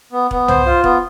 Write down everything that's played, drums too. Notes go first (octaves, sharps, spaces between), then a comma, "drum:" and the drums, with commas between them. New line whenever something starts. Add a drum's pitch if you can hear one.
B3
B3, drum: kick E1
C5, drum: tom
F4
B3, drum: kick E1